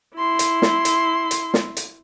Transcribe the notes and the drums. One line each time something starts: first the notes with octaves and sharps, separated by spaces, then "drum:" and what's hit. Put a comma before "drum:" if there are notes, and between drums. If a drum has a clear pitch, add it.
E4 C6
drum: hi-hat
drum: snare
drum: hi-hat
drum: hi-hat
drum: snare
drum: hi-hat